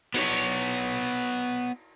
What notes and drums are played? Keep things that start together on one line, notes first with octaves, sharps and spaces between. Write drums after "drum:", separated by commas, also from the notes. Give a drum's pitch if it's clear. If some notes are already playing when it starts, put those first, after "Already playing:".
B3 C#5, drum: cymbal